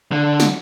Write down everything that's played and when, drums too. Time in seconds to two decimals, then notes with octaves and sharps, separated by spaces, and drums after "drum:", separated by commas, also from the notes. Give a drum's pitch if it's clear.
0.12 D3
0.40 drum: snare